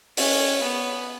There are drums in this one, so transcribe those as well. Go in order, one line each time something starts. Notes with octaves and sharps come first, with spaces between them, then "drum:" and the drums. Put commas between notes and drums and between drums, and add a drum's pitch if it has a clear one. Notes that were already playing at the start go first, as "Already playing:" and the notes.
C#4, drum: open hi-hat
B3